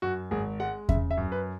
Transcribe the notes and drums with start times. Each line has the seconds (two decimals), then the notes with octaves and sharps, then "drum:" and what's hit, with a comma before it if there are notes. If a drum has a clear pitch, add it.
0.02 F#2 F#4
0.31 G#1 G#4
0.60 G#3 F#5
0.89 C#3 E5, drum: kick E2
1.11 E5
1.17 F#2
1.32 B4